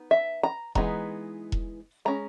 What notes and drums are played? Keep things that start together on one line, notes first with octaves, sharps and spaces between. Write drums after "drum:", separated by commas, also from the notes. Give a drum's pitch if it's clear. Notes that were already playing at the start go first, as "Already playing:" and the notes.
Already playing: B3 D#4
E5
A#5
E3 G#3 B3 D#4 A#5, drum: kick E1
drum: kick E1
G#3 C#4 A#5